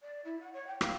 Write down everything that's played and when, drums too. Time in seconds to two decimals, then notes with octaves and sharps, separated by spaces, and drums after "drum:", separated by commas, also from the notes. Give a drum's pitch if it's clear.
0.01 D5
0.24 E4
0.40 F#5
0.53 C#5
0.66 G5
0.81 F5, drum: rim click